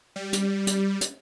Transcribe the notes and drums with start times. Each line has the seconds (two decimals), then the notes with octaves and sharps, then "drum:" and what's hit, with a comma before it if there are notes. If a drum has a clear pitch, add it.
0.16 G3
0.33 drum: hi-hat
0.67 drum: hi-hat
1.01 drum: hi-hat